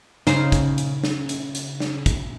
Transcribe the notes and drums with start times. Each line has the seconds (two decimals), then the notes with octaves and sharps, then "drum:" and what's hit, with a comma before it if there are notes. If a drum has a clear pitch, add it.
0.27 C#3 D#4 C5, drum: snare
0.52 drum: kick, hi-hat
0.78 drum: hi-hat
1.04 drum: snare
1.29 drum: hi-hat
1.55 drum: hi-hat
1.80 drum: snare
2.06 drum: kick, hi-hat